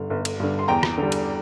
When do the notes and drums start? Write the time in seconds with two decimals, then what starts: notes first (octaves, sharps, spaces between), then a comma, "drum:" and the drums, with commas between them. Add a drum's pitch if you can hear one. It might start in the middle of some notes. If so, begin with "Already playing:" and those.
Already playing: G1 G2 D3
0.10 G1
0.25 drum: cymbal
0.40 G2 D3
0.59 C6
0.68 E2 G5 A#5
0.83 drum: rim click
0.98 D3
1.03 G3
1.12 drum: cymbal